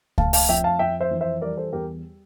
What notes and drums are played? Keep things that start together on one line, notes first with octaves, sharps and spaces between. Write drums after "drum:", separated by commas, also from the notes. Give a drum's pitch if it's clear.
A3 F5 A5, drum: kick C#2
F5 A5, drum: open hi-hat
F2 E5 G5
F5 A5
F2 E5 G5
C5 E5
E3
C5 E5
G3 A#4 D5
A4 C5
E2 G4 A#4